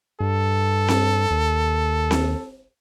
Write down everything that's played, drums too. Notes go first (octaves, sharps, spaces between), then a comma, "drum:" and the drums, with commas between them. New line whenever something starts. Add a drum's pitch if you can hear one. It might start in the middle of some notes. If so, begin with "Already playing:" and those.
G2 A4
drum: snare C4
D#2
drum: snare C4